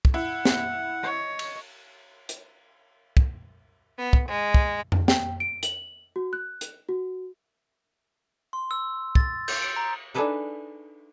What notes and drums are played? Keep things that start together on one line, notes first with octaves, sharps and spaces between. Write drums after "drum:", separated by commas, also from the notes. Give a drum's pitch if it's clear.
drum: kick
E4 F#5
drum: snare
C#5 D#5
drum: cymbal
drum: hi-hat
drum: kick
B3
drum: kick
G#3
drum: kick
drum: tom F2
G5, drum: snare
D7
F#7, drum: hi-hat
F#4
F#6
drum: hi-hat
F#4
C6
E6
A6, drum: kick
G6, drum: cymbal
D7
A#5
D4 D#4 G#4 A4 B4 E5